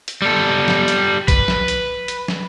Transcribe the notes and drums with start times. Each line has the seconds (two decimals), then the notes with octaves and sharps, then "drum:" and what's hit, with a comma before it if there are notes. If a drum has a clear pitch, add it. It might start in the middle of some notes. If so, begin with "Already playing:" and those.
0.08 drum: hi-hat
0.22 G3 A4
0.68 drum: snare
0.88 drum: hi-hat
1.28 B4, drum: kick A#1, hi-hat
1.48 drum: snare
1.68 drum: hi-hat
2.08 drum: hi-hat
2.28 drum: snare